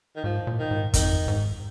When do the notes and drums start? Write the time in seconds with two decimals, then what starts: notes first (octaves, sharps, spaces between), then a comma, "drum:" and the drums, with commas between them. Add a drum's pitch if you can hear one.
0.16 D#3
0.24 G#2 F3
0.47 A#2
0.59 D#3
0.71 G#2
0.94 F2 D#3, drum: kick F#1, hi-hat
1.28 G#2